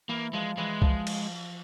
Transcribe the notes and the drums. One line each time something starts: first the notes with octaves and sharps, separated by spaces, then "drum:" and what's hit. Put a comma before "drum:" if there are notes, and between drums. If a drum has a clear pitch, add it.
E3 A#3
F3 G#3
E3 G#3
F3, drum: kick
drum: cymbal